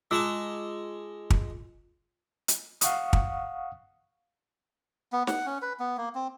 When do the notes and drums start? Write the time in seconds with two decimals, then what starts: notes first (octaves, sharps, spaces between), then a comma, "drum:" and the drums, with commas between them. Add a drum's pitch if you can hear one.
0.11 G#3 F4 A5 C#6 D6 E6
1.30 drum: kick
2.48 drum: hi-hat
2.81 F5 F#5 C#6 D#6, drum: hi-hat
3.13 drum: kick
5.12 B3
5.27 F#5, drum: snare
5.46 C#4
5.62 B4
5.80 B3
5.97 A#3
6.15 C4